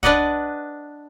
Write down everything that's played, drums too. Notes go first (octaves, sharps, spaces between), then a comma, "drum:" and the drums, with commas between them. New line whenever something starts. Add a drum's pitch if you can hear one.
D4 B4 D5 D#5 F#5, drum: kick C2